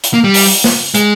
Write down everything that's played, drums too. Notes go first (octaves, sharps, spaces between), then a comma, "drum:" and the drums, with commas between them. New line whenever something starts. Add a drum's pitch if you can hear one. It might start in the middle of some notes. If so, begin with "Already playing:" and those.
drum: hi-hat
A#3
G3
drum: open hi-hat
drum: snare
G#3, drum: hi-hat